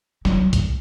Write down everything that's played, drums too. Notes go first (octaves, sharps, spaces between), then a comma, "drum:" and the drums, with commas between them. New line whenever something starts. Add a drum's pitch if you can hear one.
F#3, drum: snare
drum: kick B1, hi-hat